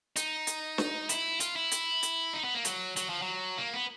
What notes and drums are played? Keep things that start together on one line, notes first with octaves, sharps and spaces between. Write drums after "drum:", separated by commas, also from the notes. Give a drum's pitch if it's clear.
D#4, drum: hi-hat
drum: hi-hat
drum: snare
E4, drum: hi-hat
F4, drum: hi-hat
E4
drum: hi-hat
drum: hi-hat
D#4
B3
A#3
F#3, drum: hi-hat
F#3, drum: hi-hat
F3
F#3
A#3
B3